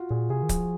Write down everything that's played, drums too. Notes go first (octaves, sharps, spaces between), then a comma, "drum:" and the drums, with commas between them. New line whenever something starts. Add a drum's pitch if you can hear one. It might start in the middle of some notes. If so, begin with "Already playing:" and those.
Already playing: F4 F#4
A#2 G#4
C3 G#4
D#3
F3, drum: kick C#1, hi-hat